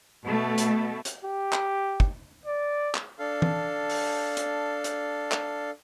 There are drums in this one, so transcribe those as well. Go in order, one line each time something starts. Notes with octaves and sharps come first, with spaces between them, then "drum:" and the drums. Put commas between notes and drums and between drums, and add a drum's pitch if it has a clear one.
B2 A3
drum: hi-hat
drum: hi-hat
G4
drum: clap
drum: kick
D5
drum: clap
D4 A4 F5
drum: tom
drum: open hi-hat
drum: hi-hat
drum: hi-hat
drum: clap